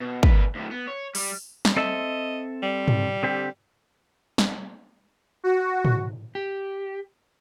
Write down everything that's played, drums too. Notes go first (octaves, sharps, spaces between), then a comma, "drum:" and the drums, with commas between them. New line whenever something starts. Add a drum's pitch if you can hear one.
B2
A#2 B4, drum: kick
D2 A2
B3
C#5
G3, drum: open hi-hat
drum: snare
C4 A4 D#5 E5
G3
drum: tom
D3 C4 G4
drum: snare
F#4
drum: tom
G4